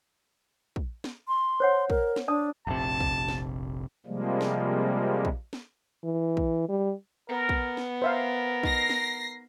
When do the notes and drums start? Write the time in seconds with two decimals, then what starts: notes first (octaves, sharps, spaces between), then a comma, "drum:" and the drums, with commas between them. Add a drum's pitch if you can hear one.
0.76 drum: kick
1.04 drum: snare
1.28 C6
1.60 C5 C#5 F#5
1.90 A#4, drum: kick
2.16 drum: snare
2.28 D4 D5 A5 D#6
2.67 F1 A#1 C3 A5
3.00 drum: kick
3.28 drum: snare
4.06 C3 F3 G3 G#3 A#3
4.41 drum: snare
5.25 drum: kick
5.53 drum: snare
6.04 E3
6.37 drum: kick
6.69 G3
7.29 B3 A#4
7.49 drum: kick
7.77 drum: snare
8.02 A#4 C5 E5 F5
8.63 D#4 A#6 C7, drum: kick
8.89 drum: snare